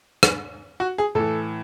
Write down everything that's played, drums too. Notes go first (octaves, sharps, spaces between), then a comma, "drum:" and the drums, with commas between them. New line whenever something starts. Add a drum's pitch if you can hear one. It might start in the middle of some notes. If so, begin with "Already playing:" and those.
drum: rim click
F#4
G#4
A2 E3 A4